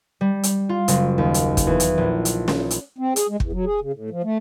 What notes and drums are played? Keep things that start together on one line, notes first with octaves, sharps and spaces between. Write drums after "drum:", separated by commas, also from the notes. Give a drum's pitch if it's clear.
G3
drum: hi-hat
F4
F#1, drum: hi-hat
D#2
drum: hi-hat
drum: kick, hi-hat
E2
drum: hi-hat
A#1
drum: hi-hat
drum: snare
drum: hi-hat
C4
G#4, drum: hi-hat
G#3
E2, drum: kick
F#3
G#4
C#3
A2
F3
A3